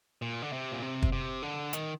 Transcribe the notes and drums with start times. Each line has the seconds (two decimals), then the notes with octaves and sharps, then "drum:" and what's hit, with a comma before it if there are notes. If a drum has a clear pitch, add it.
0.22 A#2
0.42 D3
0.53 C3
0.72 A#2
0.82 C3
1.02 drum: kick
1.13 C3
1.42 D3
1.73 D#3, drum: hi-hat